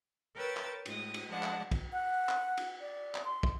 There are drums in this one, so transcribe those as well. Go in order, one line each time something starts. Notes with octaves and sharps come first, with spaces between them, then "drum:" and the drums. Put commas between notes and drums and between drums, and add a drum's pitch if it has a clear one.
A#4 B4 C#5 G5 E6 A6
drum: clap
A2 G#3 D#6, drum: cymbal
drum: cymbal
F3 G#3 D4 F#5 A5
drum: clap
drum: kick, cymbal
F#5
drum: clap
drum: cymbal
D5
drum: clap
C6
drum: kick